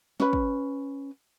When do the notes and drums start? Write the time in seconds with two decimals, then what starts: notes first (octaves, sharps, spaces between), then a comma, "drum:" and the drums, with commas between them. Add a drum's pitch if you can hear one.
0.20 C#4 B4, drum: snare
0.33 drum: kick